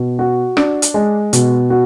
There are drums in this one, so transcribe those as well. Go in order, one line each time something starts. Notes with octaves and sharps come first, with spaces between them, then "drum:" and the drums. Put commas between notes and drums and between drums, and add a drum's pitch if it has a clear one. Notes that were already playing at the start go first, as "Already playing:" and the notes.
Already playing: B2
F#4
D4, drum: rim click
drum: hi-hat
G#3
B2, drum: hi-hat
F#4